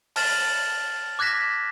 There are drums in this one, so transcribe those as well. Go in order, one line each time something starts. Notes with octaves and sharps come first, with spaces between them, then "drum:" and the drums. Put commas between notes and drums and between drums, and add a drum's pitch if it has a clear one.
A5 F6 A6 E7 F#7, drum: open hi-hat
D6 F#6 G#6 A#6 B6 E7